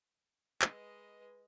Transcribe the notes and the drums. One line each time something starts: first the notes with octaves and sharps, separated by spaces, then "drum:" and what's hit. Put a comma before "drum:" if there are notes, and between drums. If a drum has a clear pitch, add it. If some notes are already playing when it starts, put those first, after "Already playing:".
G#3 B4 D#5, drum: clap